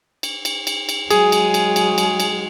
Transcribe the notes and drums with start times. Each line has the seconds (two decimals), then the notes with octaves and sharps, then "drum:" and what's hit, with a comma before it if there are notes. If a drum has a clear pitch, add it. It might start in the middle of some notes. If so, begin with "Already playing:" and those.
0.23 drum: cymbal
0.45 drum: cymbal
0.67 drum: cymbal
0.89 drum: cymbal
1.10 F#3 G#3 G#4 G#5, drum: cymbal
1.32 drum: cymbal
1.54 drum: cymbal
1.76 drum: cymbal
1.98 drum: cymbal
2.20 drum: cymbal